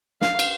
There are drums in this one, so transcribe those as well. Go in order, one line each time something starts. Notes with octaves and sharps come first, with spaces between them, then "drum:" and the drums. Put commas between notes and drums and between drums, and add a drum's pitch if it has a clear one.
F5, drum: snare
drum: cymbal